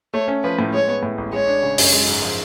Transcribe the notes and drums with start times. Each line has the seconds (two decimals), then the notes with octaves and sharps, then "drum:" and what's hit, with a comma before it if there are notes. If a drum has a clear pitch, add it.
0.13 A3 C#5
0.28 C#4
0.43 F3 B4
0.59 A2
0.73 G#3 C#5
0.88 B3
1.03 A2
1.18 A1
1.33 G#3 C#5
1.47 D4
1.63 C#3
1.78 F#2, drum: open hi-hat
1.93 G#3
2.08 G#2
2.23 F3